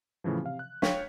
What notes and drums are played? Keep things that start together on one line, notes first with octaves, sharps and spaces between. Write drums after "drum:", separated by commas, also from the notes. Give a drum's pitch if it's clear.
A2 C#3 E3 F3
C3 F5
F#6
C#5 F5 G5 C#6 B6, drum: snare